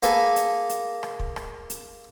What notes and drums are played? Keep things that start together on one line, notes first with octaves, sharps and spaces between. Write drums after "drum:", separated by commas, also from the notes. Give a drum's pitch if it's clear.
A#3 G#4 A4 B4, drum: hi-hat
drum: hi-hat
drum: hi-hat
drum: rim click
drum: kick
drum: rim click
drum: hi-hat